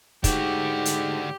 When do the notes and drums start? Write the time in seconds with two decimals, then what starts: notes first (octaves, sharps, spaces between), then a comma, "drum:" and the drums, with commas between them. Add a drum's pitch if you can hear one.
0.24 G#2 D3 F#4 G4, drum: kick, hi-hat
0.85 drum: hi-hat